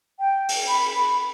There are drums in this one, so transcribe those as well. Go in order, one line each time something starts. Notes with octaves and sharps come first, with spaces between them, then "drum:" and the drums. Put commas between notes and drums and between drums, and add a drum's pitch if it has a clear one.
G5
drum: open hi-hat
B5